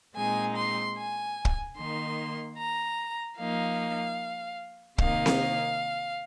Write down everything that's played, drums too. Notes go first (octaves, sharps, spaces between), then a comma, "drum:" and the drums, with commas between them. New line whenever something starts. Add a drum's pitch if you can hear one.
A#2 G#3 C4 D#4 G#5
C6
G#5
drum: kick
D#3 A#3 D#4 C6
A#5
F3 A#3 D#4 F5
C3 D#3 A#3 D#4 F5, drum: kick
drum: snare C4